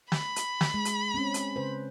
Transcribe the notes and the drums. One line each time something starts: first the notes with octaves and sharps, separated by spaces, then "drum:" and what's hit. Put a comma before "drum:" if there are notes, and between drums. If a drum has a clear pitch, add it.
B5, drum: snare
drum: hi-hat
drum: snare
G#3
drum: hi-hat
C4 C#4
drum: hi-hat
C#3 B4 C5